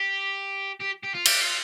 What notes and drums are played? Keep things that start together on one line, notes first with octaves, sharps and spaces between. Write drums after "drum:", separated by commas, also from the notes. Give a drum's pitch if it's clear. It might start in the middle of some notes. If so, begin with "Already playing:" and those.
Already playing: G4
G4
G4
F4
G4, drum: cymbal
F4